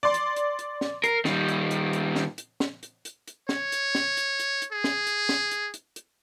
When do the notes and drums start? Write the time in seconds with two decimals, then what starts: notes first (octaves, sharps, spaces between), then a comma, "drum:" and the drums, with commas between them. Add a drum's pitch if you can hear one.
0.03 D5 C6
0.14 drum: hi-hat
0.36 drum: hi-hat
0.59 drum: hi-hat
0.81 drum: snare
1.04 A#4 C7, drum: hi-hat
1.25 D#3 G3, drum: snare
1.48 drum: hi-hat
1.71 drum: hi-hat
1.93 drum: hi-hat
2.16 drum: snare
2.38 drum: hi-hat
2.60 drum: snare
2.83 drum: hi-hat
3.05 drum: hi-hat
3.28 drum: hi-hat
3.49 C#5, drum: snare
3.72 drum: hi-hat
3.95 drum: snare
4.17 drum: hi-hat
4.39 drum: hi-hat
4.62 drum: hi-hat
4.72 G#4
4.84 drum: snare
5.07 drum: hi-hat
5.29 drum: snare
5.51 drum: hi-hat
5.74 drum: hi-hat
5.96 drum: hi-hat